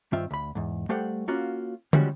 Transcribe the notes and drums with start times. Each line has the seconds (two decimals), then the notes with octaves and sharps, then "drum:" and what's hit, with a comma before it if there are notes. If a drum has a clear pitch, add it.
0.13 G2 D#3 C4 F4 E5
0.31 D2 B5
0.55 E2 G#2
0.89 G3 A3 G4 C5 F5 F#5
1.28 A#3 C#4 F4 F#4
1.93 E3 F3 G3 G#3 C#4 F#4, drum: tom